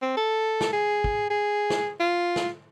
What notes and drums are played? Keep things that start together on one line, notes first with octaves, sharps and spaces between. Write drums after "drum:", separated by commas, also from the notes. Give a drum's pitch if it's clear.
C4
A4
drum: snare
G#4
drum: kick
G#4
drum: snare
F4
drum: snare